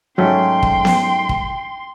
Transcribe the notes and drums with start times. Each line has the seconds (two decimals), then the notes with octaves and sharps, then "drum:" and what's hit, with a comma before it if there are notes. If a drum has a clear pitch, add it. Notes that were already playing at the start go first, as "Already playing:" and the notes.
0.18 G#2 F#3 A3 C#4 G5 C6
0.63 drum: kick
0.85 drum: snare B3
1.29 drum: kick